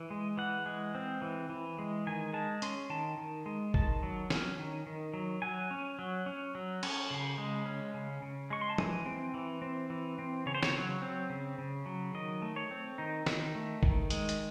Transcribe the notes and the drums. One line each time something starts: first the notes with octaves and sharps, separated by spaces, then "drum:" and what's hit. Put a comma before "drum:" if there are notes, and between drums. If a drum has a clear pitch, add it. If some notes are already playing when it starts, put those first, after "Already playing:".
Already playing: E3
G#3
E3 F#5
G#3
C4
E3
E3
G#3
D#3 G#5
G#3 A5
C#4 C6, drum: hi-hat
D#3 A5
D#3
G#3
D#3 A5, drum: kick
F#3
C#4, drum: snare
D#3
D#3
F#3
F#3 G#5
C#4
F#3
C#4
F#3
C#4, drum: cymbal
C#3
G#3
C#4
C#3
C#3
G#3 C#6
C6
A5
E3 G#5, drum: tom
C4
E3
C4
E3
C4
C#3 C#5
C5
C#5, drum: snare
F#3
C4
C#3
C#3
F#3
D#3 D#5
A3
C#5
C4
D#3 D#4
D#3, drum: snare
A3
D#3, drum: kick
G#3, drum: hi-hat
drum: hi-hat